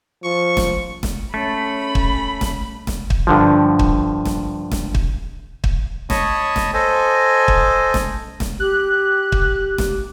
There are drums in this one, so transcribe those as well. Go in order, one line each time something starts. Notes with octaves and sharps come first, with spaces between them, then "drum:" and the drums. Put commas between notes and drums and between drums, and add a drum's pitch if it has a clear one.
F3 C#6
drum: snare
drum: snare
A3 C#4 B5
drum: kick
drum: snare
drum: snare
drum: kick
G2 D3 F3
drum: kick
drum: snare
drum: snare
drum: kick
drum: kick
C#5 D#5 A5 B5 C#6 D#6, drum: snare
drum: snare
A4 C5 D#5 G#5
drum: kick
drum: snare
drum: snare
G4 F#6
drum: kick
drum: snare